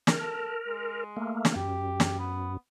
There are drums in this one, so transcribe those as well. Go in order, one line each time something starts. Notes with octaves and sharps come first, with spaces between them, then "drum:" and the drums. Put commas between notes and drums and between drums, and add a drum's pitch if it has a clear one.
A#4, drum: snare
A4
G#3
A3 A#3
drum: snare
F#2 G4
drum: snare
B3